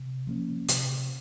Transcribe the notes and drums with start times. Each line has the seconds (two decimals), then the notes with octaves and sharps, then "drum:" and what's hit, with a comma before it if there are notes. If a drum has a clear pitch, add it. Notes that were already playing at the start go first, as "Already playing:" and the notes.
Already playing: C3
0.27 F3 A#3 C#4
0.69 C3, drum: hi-hat